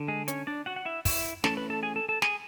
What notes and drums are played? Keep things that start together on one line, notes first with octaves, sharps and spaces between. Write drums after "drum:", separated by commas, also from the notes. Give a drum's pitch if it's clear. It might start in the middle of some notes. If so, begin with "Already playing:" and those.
Already playing: D3
G#3 G#4
C#4 C#5, drum: hi-hat
D4 D5
F#4 F#5
F#5
E4 E5
E4 E5, drum: kick, open hi-hat
E3 A3 C#4 A4 A5, drum: snare
B4 B5
A4 A5
G#4 G#5
A4 A5
A4 A5
G#4 G#5, drum: snare